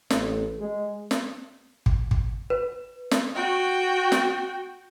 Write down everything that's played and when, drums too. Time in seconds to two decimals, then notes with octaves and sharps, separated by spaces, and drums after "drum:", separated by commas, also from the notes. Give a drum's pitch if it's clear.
0.10 A1, drum: snare
0.59 G#3
1.11 drum: snare
1.86 drum: kick
2.11 drum: kick
2.50 B4
3.11 drum: snare
3.35 F#4 G5
4.12 drum: snare